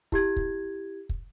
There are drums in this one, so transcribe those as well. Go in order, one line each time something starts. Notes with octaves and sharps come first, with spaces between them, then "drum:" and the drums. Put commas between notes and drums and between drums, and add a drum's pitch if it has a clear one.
E4 G4 G#6, drum: kick
drum: kick
drum: kick